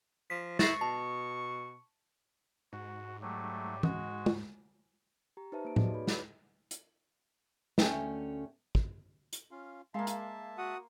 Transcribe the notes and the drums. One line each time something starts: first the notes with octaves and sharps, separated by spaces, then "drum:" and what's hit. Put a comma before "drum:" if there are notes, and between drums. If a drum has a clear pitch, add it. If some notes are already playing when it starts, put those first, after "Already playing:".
F3 B6
E4 C#6 A6 A#6 C7, drum: snare
B2 A5
G#2 F#4
F#3 G3 A3
G#3 F#4, drum: tom E3
drum: tom
G4 A#5
D#4 G4 B4 C5 E5 A5
A#3 D7
D#4 F#4 G#4 D5 D#5, drum: tom A2
B4 C#5 B5
B5 D6, drum: snare
drum: hi-hat
D2 A3 C#4 G5 G#5, drum: snare
drum: kick
drum: hi-hat
C#4 F4 F5
G#3 A#3 E5 F5 A5 C6
drum: hi-hat
F#4 F#5 D#6